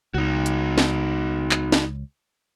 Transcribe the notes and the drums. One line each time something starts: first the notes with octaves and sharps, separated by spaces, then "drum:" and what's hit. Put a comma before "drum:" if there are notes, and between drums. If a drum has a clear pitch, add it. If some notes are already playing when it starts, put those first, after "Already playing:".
C#2 D#4 F#4
drum: hi-hat
drum: snare
drum: clap
drum: snare